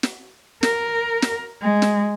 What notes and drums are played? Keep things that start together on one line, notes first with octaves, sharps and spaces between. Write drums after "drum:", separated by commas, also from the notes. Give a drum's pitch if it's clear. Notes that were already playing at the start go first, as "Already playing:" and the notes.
drum: snare
A#4, drum: snare
drum: snare
G#3
drum: snare